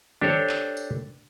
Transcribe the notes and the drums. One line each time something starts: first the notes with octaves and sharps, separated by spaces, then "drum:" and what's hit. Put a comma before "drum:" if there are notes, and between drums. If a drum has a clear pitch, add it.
D4 G4 A4 C5 C#5, drum: tom
drum: clap
drum: tambourine